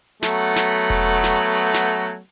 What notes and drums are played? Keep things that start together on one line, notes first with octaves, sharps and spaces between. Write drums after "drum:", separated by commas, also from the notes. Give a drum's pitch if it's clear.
F#3 A3 B3, drum: snare
drum: snare
drum: kick E1
drum: snare
drum: snare